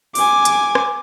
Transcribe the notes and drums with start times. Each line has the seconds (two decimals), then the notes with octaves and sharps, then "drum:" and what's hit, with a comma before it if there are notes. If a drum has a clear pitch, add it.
0.15 G#5 D6, drum: open hi-hat
0.45 drum: hi-hat
0.75 drum: rim click